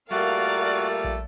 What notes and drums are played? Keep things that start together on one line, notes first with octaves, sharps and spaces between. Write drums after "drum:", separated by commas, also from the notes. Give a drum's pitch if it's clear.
A#2 G3 A3 F#4 A#4 D5 F5 F6, drum: snare
drum: kick